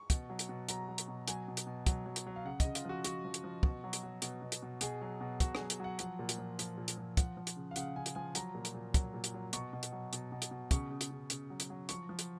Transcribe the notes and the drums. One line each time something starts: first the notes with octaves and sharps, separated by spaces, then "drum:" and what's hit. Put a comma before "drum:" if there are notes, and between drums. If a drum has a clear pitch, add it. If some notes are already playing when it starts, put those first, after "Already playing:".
Already playing: C#6
B2, drum: kick, hi-hat
F#3
drum: hi-hat
B2
F#3 A#5, drum: hi-hat
F#3
drum: hi-hat
B2
F#3 G#5, drum: hi-hat
B2
drum: hi-hat
B2
F#3, drum: kick, hi-hat
F#3
drum: hi-hat
F#3
F5
C#3 F#5
C#3 D#5, drum: kick, hi-hat
F4, drum: hi-hat
F3 F#4
F3 F#4, drum: hi-hat
F3
drum: hi-hat
F3
B2, drum: kick
F#3
drum: hi-hat
F#3
B2, drum: hi-hat
B2
drum: hi-hat
B2
B2 G#4, drum: hi-hat
F#3
B2
B2 F#4, drum: kick, hi-hat
G#4, drum: rim click
F#3
drum: hi-hat
F#3 F#5
F3 F#5, drum: hi-hat
A#2
drum: hi-hat
F3
F3, drum: hi-hat
A#2
drum: hi-hat
F3
F3 F#5, drum: kick, hi-hat
F3
drum: hi-hat
C#3
F5
C#3 F#5, drum: hi-hat
C#3 G#5
drum: hi-hat
F3 G#5
F#3 A#5, drum: hi-hat
A#2
drum: hi-hat
A#2
F#3, drum: kick, hi-hat
A#2
drum: hi-hat
F#3
B2 C#6, drum: hi-hat
B2
drum: hi-hat
F#3
B2, drum: hi-hat
B2
drum: hi-hat
B2
C#3 C#6, drum: kick, hi-hat
C#3
drum: hi-hat
C#3
C#3, drum: hi-hat
F#3
drum: hi-hat
F#3
F3 C#6, drum: hi-hat
F3
drum: hi-hat